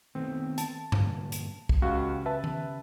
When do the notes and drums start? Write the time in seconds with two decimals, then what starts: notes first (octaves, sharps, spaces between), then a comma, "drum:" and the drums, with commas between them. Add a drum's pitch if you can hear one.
0.15 D#3 A3 B3 C4
0.58 A5, drum: hi-hat
0.92 G2 A#2 D3, drum: tom G2
1.32 drum: hi-hat
1.69 drum: kick
1.82 C#2 C#3 F#4 G4 F5
2.26 B4 E5 A5
2.44 drum: tom D#3